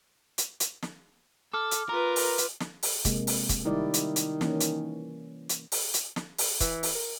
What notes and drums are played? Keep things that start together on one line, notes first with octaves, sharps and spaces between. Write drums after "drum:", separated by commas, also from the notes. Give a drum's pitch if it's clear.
drum: hi-hat
drum: hi-hat
drum: snare
A4 D6 F6
drum: hi-hat
F4 A#4 B4
drum: open hi-hat
drum: hi-hat
drum: snare
drum: open hi-hat
C3 G#3 A#3, drum: kick, hi-hat
drum: open hi-hat
drum: kick, hi-hat
D#3 G3 E4 D5
drum: hi-hat
drum: hi-hat
E3 A#3 C#4, drum: snare
drum: hi-hat
drum: hi-hat
drum: open hi-hat
drum: hi-hat
drum: snare
drum: open hi-hat
E3, drum: kick, hi-hat
drum: open hi-hat
A#4